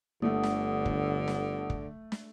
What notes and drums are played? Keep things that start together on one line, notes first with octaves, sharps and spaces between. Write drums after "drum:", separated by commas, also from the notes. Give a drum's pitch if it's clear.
G1 D3 A3 F#5 D#6
drum: snare
drum: kick
drum: snare
drum: kick
drum: snare